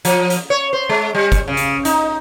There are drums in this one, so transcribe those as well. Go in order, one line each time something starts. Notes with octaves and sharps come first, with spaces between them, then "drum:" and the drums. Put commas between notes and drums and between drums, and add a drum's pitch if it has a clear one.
F3, drum: hi-hat
drum: hi-hat
C#5
C5
G#3
G3
drum: kick, hi-hat
C#3
drum: hi-hat
D#4, drum: hi-hat